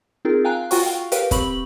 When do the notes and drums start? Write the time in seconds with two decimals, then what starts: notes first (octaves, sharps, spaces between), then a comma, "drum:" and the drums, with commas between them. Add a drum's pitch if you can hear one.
0.25 C4 D#4 F4 G#4 A#4
0.44 F5 G5 G#5 A#5 F#6
0.71 F4 F#4 F#5 G5 C#6, drum: open hi-hat
0.83 F5 G5
1.12 G4 A#4 B4 F5 G5, drum: hi-hat
1.31 C4 G4 B5 C#6 F#7, drum: kick, hi-hat